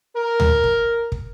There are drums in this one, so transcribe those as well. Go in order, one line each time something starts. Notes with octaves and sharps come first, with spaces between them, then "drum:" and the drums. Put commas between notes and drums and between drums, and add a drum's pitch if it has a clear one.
A#4
drum: tom D2
drum: kick
drum: kick